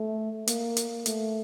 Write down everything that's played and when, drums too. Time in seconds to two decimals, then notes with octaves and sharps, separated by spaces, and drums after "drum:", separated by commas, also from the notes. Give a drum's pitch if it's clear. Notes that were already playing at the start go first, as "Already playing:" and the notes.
Already playing: A3
0.47 A#3, drum: hi-hat
0.77 drum: hi-hat
1.06 A3, drum: hi-hat